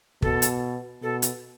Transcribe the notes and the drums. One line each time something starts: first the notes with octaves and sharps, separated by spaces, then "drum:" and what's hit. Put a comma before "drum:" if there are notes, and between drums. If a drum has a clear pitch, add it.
B2 A4, drum: kick
drum: hi-hat
B2 A4
drum: hi-hat